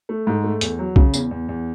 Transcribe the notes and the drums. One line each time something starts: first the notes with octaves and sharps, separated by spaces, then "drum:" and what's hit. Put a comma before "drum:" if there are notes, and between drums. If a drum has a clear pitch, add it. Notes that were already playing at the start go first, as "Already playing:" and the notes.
A3
G#2
A3
E2, drum: hi-hat
F#3
C#3, drum: kick B1
E2, drum: tambourine
E2
E2